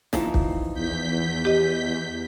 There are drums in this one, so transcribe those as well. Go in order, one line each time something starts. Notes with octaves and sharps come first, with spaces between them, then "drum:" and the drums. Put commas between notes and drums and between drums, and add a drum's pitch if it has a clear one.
E3 F3 D#4, drum: snare
drum: kick
E2 G6 B6
G4 D#5